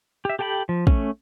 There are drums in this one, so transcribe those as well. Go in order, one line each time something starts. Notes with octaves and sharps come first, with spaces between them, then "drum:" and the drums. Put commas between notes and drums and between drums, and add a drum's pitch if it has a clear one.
G4 E5
G4 A4 G5 A5 B5
F3
A3 C#4, drum: kick